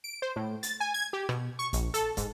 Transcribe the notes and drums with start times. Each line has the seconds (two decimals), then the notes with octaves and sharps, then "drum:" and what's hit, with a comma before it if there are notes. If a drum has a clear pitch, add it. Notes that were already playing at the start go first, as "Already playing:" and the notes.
0.04 D7
0.22 C5
0.36 A2
0.63 A6, drum: hi-hat
0.80 G#5
0.94 G#6
1.13 G4
1.29 B2, drum: rim click
1.59 C#6
1.73 A#1, drum: hi-hat
1.94 A4, drum: hi-hat
2.17 G#2, drum: kick, hi-hat